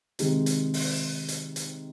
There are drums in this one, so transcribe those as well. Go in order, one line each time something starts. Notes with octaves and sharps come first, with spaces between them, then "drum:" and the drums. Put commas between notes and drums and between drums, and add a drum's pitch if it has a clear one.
C3 D#3 G#3, drum: hi-hat
drum: hi-hat
drum: open hi-hat
drum: hi-hat
drum: hi-hat